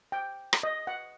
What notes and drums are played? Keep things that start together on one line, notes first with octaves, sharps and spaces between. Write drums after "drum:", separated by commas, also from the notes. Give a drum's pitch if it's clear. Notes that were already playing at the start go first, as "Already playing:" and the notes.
G5
drum: rim click
D#5
F#5